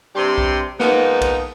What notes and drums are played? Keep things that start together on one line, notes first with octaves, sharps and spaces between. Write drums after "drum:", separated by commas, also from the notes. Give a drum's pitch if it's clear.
G2 C3 G3 C4 G4 C6
drum: kick A#1
G#2 F3 A#3 B3 D#4, drum: snare
drum: kick A#1, cymbal